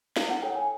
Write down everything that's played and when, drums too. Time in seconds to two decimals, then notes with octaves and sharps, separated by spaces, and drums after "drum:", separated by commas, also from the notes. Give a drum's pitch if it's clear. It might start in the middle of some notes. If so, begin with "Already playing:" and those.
0.16 E4 F5, drum: snare
0.30 F#5
0.43 A4 C#5 G5
0.56 G#5